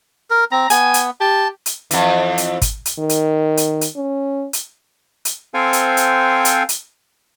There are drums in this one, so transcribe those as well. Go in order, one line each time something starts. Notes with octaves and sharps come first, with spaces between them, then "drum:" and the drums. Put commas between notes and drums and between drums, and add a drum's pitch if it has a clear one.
A#4
C4 A#5
B3 G#5, drum: hi-hat
drum: hi-hat
G4 A5
drum: hi-hat
F2 E3, drum: hi-hat
drum: hi-hat
drum: kick, hi-hat
drum: hi-hat
D#3
drum: hi-hat
drum: hi-hat
drum: hi-hat
C#4
drum: hi-hat
drum: hi-hat
C4 A4 C5 F5 G5 G#5
drum: hi-hat
drum: hi-hat
drum: hi-hat
drum: hi-hat